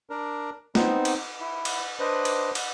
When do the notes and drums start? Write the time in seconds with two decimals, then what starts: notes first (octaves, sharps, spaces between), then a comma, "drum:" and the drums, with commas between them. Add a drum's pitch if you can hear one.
0.10 D4 A#4
0.75 B3 C4 D#4, drum: snare
1.05 drum: cymbal
1.40 E4
1.65 drum: cymbal
1.99 D4 B4 C5 D#5
2.25 drum: cymbal
2.55 drum: cymbal